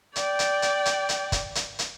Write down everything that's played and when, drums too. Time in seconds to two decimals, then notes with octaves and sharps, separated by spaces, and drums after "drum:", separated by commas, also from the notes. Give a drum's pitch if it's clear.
0.16 D5 G5, drum: hi-hat
0.39 drum: hi-hat
0.62 drum: hi-hat
0.85 drum: hi-hat
1.09 drum: hi-hat
1.32 drum: kick, hi-hat
1.55 drum: hi-hat
1.79 drum: hi-hat